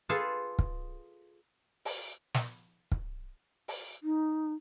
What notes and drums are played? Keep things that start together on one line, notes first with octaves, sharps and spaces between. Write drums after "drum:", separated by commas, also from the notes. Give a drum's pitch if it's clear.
F4 G#4 A4 B4 G#5 A5
drum: kick
drum: open hi-hat
drum: snare
drum: kick
drum: open hi-hat
D#4